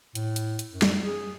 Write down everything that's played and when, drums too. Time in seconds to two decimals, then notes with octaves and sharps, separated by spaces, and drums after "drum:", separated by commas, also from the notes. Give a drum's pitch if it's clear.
0.15 A2, drum: hi-hat
0.36 drum: hi-hat
0.59 drum: hi-hat
0.73 F#2
0.82 drum: snare
1.05 G#4